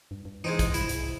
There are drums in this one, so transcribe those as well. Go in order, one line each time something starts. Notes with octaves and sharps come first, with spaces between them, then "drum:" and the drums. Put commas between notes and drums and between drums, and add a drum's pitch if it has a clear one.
G2
G2
E3 G#3 C4 D#4
drum: kick, hi-hat
C2 E4, drum: hi-hat
drum: hi-hat